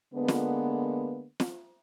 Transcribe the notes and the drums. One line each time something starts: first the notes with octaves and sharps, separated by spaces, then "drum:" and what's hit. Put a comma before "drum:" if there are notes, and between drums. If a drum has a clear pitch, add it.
D3 G#3 A#3 B3
drum: snare
drum: snare